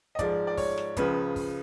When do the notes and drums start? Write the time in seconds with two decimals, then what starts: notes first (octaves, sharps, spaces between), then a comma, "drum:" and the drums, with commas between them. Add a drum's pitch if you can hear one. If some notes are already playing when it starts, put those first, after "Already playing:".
0.15 D#5
0.19 G#2 F3 G#3 D5, drum: kick, hi-hat
0.47 D5
0.57 C#5, drum: kick, open hi-hat
0.78 drum: snare
0.97 C#2 C#3 F3 B4, drum: kick, hi-hat
1.36 drum: kick, open hi-hat